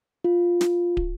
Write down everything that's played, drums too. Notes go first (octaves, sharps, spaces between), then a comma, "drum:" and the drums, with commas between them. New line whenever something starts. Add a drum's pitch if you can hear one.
F4
drum: snare
drum: kick